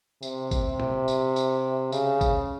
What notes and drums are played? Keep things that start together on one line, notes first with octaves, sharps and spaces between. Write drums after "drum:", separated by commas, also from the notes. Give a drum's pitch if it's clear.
C3, drum: tambourine
drum: kick G#1, tambourine
drum: tom
drum: tambourine
drum: tambourine
C#3, drum: tambourine
drum: kick G#1, tambourine